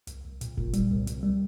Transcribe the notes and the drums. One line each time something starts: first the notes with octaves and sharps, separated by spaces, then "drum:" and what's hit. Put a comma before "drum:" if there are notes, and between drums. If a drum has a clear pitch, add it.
C2, drum: hi-hat
C2
A#2, drum: hi-hat
A#2, drum: kick F1
G3, drum: hi-hat
C2
C2, drum: hi-hat
G3